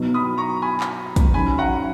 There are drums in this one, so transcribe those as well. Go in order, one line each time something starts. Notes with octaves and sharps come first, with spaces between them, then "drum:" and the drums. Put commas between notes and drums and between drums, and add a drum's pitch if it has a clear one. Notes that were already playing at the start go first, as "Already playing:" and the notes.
Already playing: B2 F#3 B3 D#4
B5 D#6
A#5 C#6
G#5 B5
drum: clap
drum: kick, hi-hat
G#2 F#3 C#4 G#5 B5
F#5 A#5